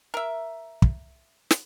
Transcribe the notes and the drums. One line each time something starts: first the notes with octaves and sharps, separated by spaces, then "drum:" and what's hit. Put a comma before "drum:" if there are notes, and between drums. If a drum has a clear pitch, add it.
A#4 E5
drum: kick
drum: snare